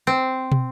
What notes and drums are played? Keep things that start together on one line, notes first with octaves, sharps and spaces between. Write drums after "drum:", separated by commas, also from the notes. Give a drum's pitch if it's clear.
C4
drum: tom